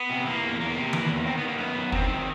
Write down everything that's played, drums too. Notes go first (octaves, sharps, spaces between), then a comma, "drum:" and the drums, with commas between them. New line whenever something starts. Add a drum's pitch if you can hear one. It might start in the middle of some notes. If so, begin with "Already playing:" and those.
Already playing: B3
C3
E3 A#3
E2
E2 A#3
C3
E3, drum: tom D#3
E2
D#3 C4
D#3 B3
A#3
F#2 B3
F#2
D#3 C4, drum: kick
D#3